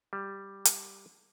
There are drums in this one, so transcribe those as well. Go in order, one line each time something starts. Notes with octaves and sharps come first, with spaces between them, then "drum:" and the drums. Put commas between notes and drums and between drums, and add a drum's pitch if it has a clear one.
G3
drum: hi-hat